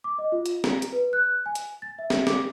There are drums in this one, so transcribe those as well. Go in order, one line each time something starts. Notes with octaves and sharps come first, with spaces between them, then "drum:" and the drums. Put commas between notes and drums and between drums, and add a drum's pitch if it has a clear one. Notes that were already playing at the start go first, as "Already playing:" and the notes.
D6
D#5
F4
drum: hi-hat
A#5, drum: snare
drum: hi-hat
B4
F#6
G#5
drum: hi-hat
A6
E5
drum: snare
D6, drum: snare